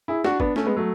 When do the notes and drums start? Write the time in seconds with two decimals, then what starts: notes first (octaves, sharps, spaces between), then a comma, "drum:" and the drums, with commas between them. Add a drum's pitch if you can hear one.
0.08 E4 G#4
0.24 D4 F#4, drum: snare
0.40 B3 D4, drum: kick
0.56 A3 C#4, drum: snare
0.66 G#3 B3
0.76 F#3 A3